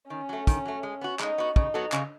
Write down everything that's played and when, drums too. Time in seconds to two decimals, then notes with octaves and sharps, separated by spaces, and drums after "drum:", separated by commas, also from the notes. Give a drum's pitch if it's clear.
0.10 D#3 C#4
0.29 F#3 A3
0.47 D#3, drum: kick, hi-hat
0.65 F#3 A3
0.83 G#3
1.01 B3 F#4
1.20 G#3 D#4, drum: clap
1.38 B3 F#4
1.56 C#3 D#4, drum: kick
1.74 F#3 B3 F#4 A4
1.92 C#3, drum: clap